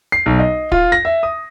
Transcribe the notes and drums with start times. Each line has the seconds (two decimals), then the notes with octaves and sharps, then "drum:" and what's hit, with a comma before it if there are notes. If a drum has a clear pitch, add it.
0.12 C7
0.26 B1
0.39 D#5
0.72 F4, drum: kick
0.92 A#6
1.05 E5
1.23 D#6